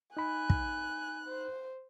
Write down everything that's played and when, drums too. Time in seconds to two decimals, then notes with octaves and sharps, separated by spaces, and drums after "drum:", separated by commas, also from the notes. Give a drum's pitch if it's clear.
0.17 D#4 G#5 B5 F#6
0.50 drum: kick
1.27 C5